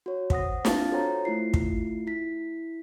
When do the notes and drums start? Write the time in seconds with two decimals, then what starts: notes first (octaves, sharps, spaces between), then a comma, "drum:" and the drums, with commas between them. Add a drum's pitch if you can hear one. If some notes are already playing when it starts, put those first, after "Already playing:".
0.06 F#4 C#5
0.30 C5 F#5 D#6 A#6, drum: kick
0.65 C4 D4 F4 F5 A5 A6, drum: snare
0.91 F#4 A4 C5 C#5 G5 A#5
1.25 A3 E4 F4 C7
1.54 drum: kick
2.07 E4 B6